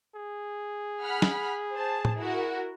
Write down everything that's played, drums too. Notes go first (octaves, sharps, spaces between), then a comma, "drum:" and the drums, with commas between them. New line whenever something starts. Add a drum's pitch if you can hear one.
G#4
F#5 B5 F6
drum: snare
C5 A5
drum: tom A2
E4 F#4 A#4